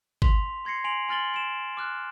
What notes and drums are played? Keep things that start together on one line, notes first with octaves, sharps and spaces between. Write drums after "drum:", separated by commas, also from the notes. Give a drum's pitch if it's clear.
C6 B6 F7, drum: kick G1
C6 G#6 A#6 C7 C#7
G#5 C6 C7 D7 F7 F#7
G#5 C6 F6 A6 F#7 G7
D7 E7
D6 F6 F#6